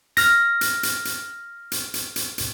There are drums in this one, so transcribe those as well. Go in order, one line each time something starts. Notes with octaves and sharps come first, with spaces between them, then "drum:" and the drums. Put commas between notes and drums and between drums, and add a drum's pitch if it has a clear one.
F6 A#6, drum: hi-hat
drum: hi-hat
drum: hi-hat
drum: hi-hat
drum: hi-hat
drum: hi-hat
drum: hi-hat
drum: hi-hat